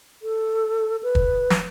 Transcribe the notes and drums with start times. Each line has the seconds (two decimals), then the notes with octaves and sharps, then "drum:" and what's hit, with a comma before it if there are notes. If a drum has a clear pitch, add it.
0.22 A4
1.03 B4
1.15 drum: kick
1.50 drum: snare